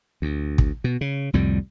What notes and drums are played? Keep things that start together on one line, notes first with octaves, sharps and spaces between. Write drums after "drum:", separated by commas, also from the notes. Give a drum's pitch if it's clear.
D2
drum: kick
B2
C#3
C2 F2 A2 G3